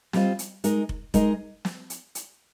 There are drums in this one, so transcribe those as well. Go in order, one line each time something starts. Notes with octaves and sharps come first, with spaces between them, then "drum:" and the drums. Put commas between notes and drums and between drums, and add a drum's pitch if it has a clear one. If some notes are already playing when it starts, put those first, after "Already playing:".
G3 C4 F4 C5 D#5, drum: snare
drum: hi-hat
G#3 D#4 A#4 D#5, drum: hi-hat
drum: kick F1
G#3 D#4 A#4 D#5, drum: kick F1, hi-hat
drum: snare
drum: hi-hat
drum: hi-hat